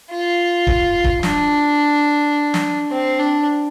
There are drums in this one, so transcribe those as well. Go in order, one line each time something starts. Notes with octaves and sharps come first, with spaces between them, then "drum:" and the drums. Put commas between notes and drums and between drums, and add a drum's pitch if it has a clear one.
F4
drum: kick D#1
drum: kick D#1
D4, drum: snare
drum: snare
C4
D4